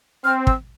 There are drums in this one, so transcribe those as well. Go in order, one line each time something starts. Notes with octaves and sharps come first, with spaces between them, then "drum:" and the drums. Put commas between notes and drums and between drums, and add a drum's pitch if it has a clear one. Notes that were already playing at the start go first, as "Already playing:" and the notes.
C4 F6
E6, drum: kick